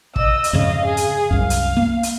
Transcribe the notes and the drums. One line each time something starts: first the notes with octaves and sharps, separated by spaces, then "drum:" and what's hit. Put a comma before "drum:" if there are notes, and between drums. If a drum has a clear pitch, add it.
D#5 E6, drum: kick
drum: hi-hat
F2 G#2 C#3 D#5 F5
G#4
drum: hi-hat
C2 F#2 F5
drum: hi-hat
A#3
drum: hi-hat